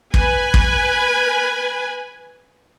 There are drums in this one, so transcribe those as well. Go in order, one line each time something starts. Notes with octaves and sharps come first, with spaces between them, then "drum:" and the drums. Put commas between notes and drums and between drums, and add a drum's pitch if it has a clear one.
B4 G#5, drum: kick
drum: kick